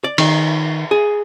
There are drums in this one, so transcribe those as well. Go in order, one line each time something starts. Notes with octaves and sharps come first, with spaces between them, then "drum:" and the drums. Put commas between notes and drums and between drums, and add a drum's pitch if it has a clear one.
D5
D#3, drum: cymbal
G#4